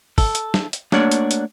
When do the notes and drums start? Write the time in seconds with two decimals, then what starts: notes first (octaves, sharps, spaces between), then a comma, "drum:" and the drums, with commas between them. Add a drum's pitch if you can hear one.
0.18 A4, drum: kick, open hi-hat
0.35 drum: hi-hat
0.54 drum: snare
0.73 drum: hi-hat
0.92 A3 A#3 D4 F#4 C#5 D5, drum: snare
1.11 drum: hi-hat
1.31 drum: hi-hat